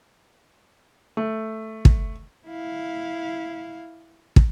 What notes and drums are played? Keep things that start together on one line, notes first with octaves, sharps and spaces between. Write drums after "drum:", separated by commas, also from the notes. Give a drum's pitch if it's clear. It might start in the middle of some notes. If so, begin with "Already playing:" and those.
A3
drum: kick
E4 F5
drum: kick